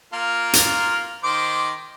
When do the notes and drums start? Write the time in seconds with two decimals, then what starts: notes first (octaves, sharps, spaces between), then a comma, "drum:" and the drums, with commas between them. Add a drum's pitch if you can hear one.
0.13 A#3 F4 A#4
0.53 drum: hi-hat
1.24 D#3 C5 D6